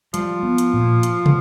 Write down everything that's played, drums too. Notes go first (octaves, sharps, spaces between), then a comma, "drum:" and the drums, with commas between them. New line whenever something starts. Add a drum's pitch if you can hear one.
F3 G3, drum: hi-hat
B3
drum: hi-hat
A#2
drum: hi-hat
drum: tom